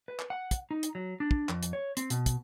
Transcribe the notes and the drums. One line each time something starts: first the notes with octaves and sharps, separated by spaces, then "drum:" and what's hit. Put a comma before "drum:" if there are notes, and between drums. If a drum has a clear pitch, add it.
B4
drum: clap
F#5
drum: kick, hi-hat
D#4
drum: hi-hat
F#3
D4
drum: kick
F2, drum: clap
drum: hi-hat
C#5
C4, drum: hi-hat
B2, drum: hi-hat
drum: kick, hi-hat